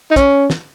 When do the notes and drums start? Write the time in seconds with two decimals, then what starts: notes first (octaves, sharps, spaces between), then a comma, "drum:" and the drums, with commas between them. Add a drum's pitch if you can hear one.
0.11 D#4
0.16 C#4, drum: kick, hi-hat
0.50 drum: snare